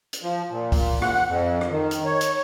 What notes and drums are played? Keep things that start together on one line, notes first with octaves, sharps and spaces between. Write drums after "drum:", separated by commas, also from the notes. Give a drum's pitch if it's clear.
drum: hi-hat
F3
A#2
drum: kick, open hi-hat
F#5, drum: rim click
F2
drum: rim click
D#3
drum: hi-hat
C#5
drum: hi-hat